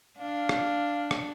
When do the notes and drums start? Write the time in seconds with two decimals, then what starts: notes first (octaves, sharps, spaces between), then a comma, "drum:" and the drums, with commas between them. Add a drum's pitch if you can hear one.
0.19 D4 F5
0.49 drum: rim click
1.11 drum: rim click